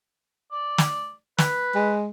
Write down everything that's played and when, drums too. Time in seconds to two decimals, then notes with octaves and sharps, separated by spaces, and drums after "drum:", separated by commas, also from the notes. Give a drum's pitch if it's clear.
0.52 D5
0.78 drum: snare
1.38 B4, drum: snare
1.75 G#3